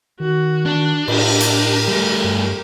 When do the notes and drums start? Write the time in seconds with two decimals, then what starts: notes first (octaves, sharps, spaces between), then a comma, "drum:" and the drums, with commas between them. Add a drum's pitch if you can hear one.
0.20 D#3 F#4
0.66 D#3 D4
1.08 A2 G4 A#4, drum: cymbal
1.40 drum: hi-hat
1.88 G3 A3
2.24 G2